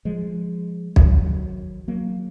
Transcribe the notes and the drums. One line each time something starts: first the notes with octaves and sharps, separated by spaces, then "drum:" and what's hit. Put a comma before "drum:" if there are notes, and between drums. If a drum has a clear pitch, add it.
F3 G#3
D#3 F#3, drum: kick B1
F#3 A#3